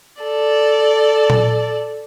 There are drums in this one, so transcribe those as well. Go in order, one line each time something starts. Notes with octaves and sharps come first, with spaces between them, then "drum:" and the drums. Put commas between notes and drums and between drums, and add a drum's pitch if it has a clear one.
A4 D5
drum: tom A#2